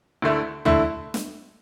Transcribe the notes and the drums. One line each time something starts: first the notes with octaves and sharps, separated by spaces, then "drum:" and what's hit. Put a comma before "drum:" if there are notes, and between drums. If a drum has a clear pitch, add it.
D2 D3 A3 E4
D3 A3 E4, drum: tom
drum: snare